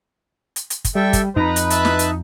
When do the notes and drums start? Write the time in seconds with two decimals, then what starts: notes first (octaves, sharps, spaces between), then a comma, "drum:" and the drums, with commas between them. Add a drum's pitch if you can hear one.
0.56 drum: hi-hat
0.70 drum: hi-hat
0.85 drum: kick, hi-hat
0.95 G3 A4 E5 G5
1.13 drum: kick, hi-hat
1.36 F2 D#4 B4 A#5
1.56 drum: hi-hat
1.70 E5 A5 F#6, drum: hi-hat
1.85 drum: snare
1.99 drum: hi-hat